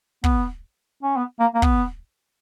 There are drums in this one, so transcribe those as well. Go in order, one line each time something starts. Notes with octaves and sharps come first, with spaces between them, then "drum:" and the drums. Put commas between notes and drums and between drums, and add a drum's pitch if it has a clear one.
B3, drum: kick
C#4
B3
A#3
A#3
B3, drum: kick